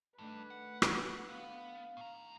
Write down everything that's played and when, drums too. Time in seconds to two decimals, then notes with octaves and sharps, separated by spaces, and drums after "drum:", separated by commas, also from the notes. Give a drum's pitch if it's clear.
0.18 G2 D#3 A3 D4 B4
0.50 F#5
0.82 F#4, drum: rim click
1.29 B3 F5
1.97 A2 A#5